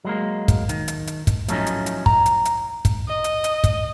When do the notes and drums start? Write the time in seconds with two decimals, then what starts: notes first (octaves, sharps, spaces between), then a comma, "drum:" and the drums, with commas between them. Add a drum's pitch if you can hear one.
0.05 F#3 G#3 A#3
0.48 drum: kick, hi-hat
0.69 D#3, drum: hi-hat
0.88 drum: hi-hat
1.07 drum: hi-hat
1.27 drum: kick, hi-hat
1.48 A2 F3 F#3 A3 C#4 D#4, drum: hi-hat
1.67 drum: hi-hat
1.86 drum: hi-hat
2.06 A#5, drum: kick
2.26 drum: hi-hat
2.45 drum: hi-hat
2.85 drum: kick, hi-hat
3.08 D#5
3.24 drum: hi-hat
3.44 drum: hi-hat
3.64 drum: kick, hi-hat